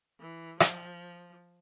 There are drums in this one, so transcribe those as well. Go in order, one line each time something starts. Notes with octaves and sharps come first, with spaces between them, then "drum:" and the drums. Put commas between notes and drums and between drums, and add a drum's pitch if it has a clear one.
E3
F3, drum: rim click